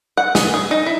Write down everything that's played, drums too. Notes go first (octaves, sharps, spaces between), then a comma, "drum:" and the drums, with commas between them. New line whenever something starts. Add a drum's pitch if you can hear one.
F#5
G#4, drum: snare
G#4
D#4
E4